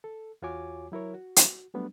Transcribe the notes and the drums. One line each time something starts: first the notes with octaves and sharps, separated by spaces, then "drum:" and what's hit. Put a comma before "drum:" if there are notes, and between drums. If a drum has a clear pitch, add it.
A4
E2 F4 F#4 C#5 G#5 D6
F#3 E4 A#4 C#5
F#4
drum: hi-hat
F#3 G3 A3 B3 D4